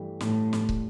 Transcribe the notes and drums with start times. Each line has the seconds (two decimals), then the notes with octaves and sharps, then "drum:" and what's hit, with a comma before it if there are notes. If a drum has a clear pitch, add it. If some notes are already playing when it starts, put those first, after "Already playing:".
Already playing: G2 E3 A3 E4 G4
0.20 A2, drum: snare
0.53 drum: snare
0.69 drum: kick